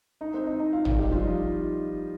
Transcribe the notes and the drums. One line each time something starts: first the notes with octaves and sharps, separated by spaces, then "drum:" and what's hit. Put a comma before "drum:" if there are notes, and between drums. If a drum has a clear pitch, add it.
D#4 D#5
C4 C5
D#4 D#5
D#4 D#5
F4 F5
D4 D5, drum: tom
G3 G4
F3 F4
D#4 D#5